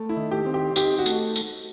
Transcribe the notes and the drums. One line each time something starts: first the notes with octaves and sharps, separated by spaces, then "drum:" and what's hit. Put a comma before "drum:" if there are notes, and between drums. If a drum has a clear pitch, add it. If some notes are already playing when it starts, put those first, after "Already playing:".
Already playing: A3
E4
D#3
G4
C4
G4
D#4 G4, drum: tambourine
F#4
A3, drum: tambourine
drum: tambourine